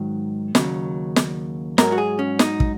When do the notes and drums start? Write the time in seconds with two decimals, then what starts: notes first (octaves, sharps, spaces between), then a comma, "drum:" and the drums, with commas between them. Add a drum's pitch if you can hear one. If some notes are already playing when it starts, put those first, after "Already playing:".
Already playing: G#2 D#3 F#3
0.55 D#2 C#3 F#3, drum: snare
1.16 drum: snare
1.78 G#2 F#3 A#4, drum: snare
1.92 F#4
1.98 G#4
2.19 C#4
2.39 D#4, drum: snare
2.60 drum: kick